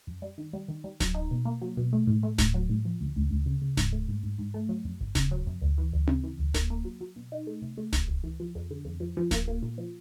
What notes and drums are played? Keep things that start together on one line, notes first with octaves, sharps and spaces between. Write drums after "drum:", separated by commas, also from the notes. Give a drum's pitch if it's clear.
F#2
G3
D#3
G3
D#3
G3
F#3, drum: snare D1
D#4
B2
A#3
F#3
B2
A3
A2
A3
A2, drum: snare D1
F#3
A2
F3
D2
D2
D2
C#3
C#3
G#2, drum: snare D1
A3
G#2
G#2
G#2
A3
F#3
F#2
G#1
C#3, drum: snare D1
F#3
F#2
D2
E3
D2
C#3, drum: tom C4
E3
D2
A#3, drum: snare D1
A#3
F#3
F#3
B2
D#4
A3
C3
A3
C#2, drum: snare D1
C#2
E3
F3
F2
D3
F2
F3
F3
A#3, drum: snare D1
A#3
A#2
F3